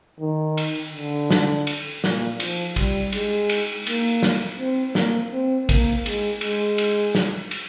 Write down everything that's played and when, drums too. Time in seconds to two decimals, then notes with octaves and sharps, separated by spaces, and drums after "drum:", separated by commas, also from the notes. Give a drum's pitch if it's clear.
0.20 D#3
0.57 drum: cymbal
0.93 D3
1.30 drum: snare
1.67 drum: cymbal
2.04 A#2, drum: snare
2.40 F3, drum: cymbal
2.76 G3, drum: kick A1, cymbal
3.12 G#3, drum: cymbal
3.50 drum: cymbal
3.87 A#3, drum: cymbal
4.23 drum: snare
4.59 C4
4.95 A#3, drum: snare
5.32 C4
5.69 A#3, drum: kick A1, cymbal
6.06 G#3, drum: cymbal
6.41 G#3, drum: cymbal
6.78 drum: cymbal
7.15 drum: snare
7.51 drum: cymbal